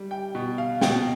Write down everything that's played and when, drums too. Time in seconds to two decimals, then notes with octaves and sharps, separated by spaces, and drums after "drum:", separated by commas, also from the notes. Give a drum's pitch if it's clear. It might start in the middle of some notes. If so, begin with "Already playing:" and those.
Already playing: G3
0.11 G5
0.35 B2
0.58 F5
0.81 B2 G5, drum: snare